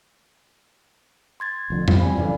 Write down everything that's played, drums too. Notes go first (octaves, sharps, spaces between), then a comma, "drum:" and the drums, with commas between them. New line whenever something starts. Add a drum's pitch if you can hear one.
C6 G#6 A6
F1 F2 D3
E2 G3 C4 F5, drum: tom F2
D5 G#5 B5
F#2 C#3 E3 A4 D5 F5